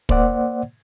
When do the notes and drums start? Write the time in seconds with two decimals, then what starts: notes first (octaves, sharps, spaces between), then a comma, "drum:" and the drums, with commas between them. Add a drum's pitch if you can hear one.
0.09 A#3 C5 D5 F#5, drum: kick